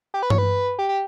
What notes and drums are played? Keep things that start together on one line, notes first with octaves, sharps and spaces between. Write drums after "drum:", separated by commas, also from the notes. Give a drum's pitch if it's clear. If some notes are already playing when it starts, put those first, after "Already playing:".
G4
B4
C#5, drum: tom G2
B4
G4
G4